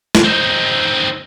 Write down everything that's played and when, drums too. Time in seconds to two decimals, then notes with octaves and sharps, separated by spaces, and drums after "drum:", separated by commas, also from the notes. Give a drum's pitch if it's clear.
0.15 drum: snare
0.24 C4 D#4